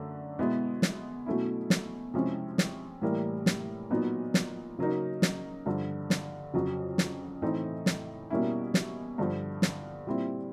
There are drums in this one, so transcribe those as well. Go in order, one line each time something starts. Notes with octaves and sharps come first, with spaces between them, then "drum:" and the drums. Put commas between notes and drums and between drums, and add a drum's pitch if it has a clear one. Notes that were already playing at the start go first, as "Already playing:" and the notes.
Already playing: F#2 D3 A3 D4
B2 G#3 B3 E4
drum: snare
B2 F#3 A3 C#4 E4
drum: snare
C3 F3 G#3 C#4 E4
drum: snare
A2 E3 G3 A#3
drum: snare
A#2 F#3 B3 D#4
drum: snare
C#3 F#3 A#3 D#4
drum: snare
G2 D3 F3
drum: snare
F2 C#3 F#3
drum: snare
A2 E3 A3 C4 D#4
drum: snare
B2 G3 A#3 C#4 E4
drum: snare
G2 D3 F3
drum: snare
A#2 G3 C4 E4